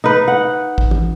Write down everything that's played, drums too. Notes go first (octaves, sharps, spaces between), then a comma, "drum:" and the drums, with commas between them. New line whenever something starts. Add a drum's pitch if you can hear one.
D#4 B4
F#5
drum: kick A1
drum: tom